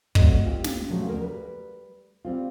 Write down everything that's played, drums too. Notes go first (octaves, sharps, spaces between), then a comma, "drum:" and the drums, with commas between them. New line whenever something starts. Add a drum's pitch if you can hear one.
G2 B2 F#3 A3 C4 D#5, drum: kick
C4 F4 G4
drum: snare
A#2 C#3 F3 F#3 A3
D2 G3 A#3 A#4
G3 B4
G3 C4 F4